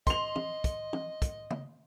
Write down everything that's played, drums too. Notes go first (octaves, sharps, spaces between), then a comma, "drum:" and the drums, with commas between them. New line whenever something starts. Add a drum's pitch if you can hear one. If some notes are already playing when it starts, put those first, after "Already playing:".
D#5 C6 F7, drum: kick, hi-hat
drum: tom
drum: kick, hi-hat
drum: tom
drum: kick, hi-hat
drum: tom C#3